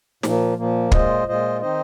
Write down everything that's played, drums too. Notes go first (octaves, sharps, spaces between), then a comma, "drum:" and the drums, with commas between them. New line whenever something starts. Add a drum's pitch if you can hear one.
A#2 F3 A#3, drum: snare
A#2 F3 A#3
A#2 G#3 F4 C5 D#5, drum: kick
A#2 G#3 F4 C5 D#5
D#3 C4 D#4 C5 D#5